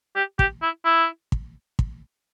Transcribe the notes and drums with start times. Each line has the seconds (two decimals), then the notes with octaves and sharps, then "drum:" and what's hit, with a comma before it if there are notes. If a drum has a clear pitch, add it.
0.16 G4
0.39 G4, drum: kick
0.62 E4
0.85 E4
1.32 drum: kick
1.79 drum: kick